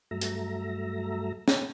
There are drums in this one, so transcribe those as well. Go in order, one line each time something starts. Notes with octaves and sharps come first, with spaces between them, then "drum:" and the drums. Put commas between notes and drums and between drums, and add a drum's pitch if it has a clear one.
G2 F#3 A3 E5 A#5
drum: hi-hat
drum: snare